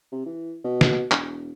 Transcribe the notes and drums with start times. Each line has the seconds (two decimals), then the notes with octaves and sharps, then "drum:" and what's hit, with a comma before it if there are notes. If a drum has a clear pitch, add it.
0.12 C3
0.26 E3
0.64 B2
0.81 drum: snare
1.11 E1, drum: clap